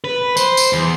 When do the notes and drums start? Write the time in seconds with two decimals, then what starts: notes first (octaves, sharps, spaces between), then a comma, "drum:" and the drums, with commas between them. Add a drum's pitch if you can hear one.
0.04 B4
0.37 C5, drum: tambourine
0.57 drum: tambourine
0.73 E2